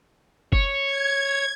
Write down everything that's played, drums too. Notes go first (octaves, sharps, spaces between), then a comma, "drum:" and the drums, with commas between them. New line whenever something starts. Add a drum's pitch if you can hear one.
C#5, drum: kick
G#6